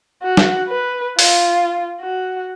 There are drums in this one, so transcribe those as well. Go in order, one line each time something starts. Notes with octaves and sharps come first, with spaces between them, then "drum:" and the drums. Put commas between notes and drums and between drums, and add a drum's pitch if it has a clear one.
F#4
drum: snare
B4
F4, drum: open hi-hat
F#4